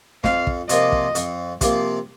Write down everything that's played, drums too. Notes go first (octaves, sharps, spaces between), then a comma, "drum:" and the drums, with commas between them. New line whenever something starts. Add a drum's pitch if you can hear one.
F2 F5, drum: snare
drum: kick
C3 F3 A#3 D#5, drum: hi-hat
drum: kick
F2, drum: hi-hat
C3 F3 A#3, drum: kick, hi-hat